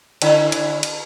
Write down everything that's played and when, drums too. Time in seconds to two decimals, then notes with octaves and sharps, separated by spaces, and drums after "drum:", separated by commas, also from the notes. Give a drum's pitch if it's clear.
0.22 D3 C#4 E4, drum: cymbal
0.52 drum: cymbal
0.83 drum: cymbal